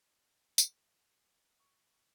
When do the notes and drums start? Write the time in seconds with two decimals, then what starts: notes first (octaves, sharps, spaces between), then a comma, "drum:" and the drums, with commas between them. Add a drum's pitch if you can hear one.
0.58 drum: tambourine
1.60 C#6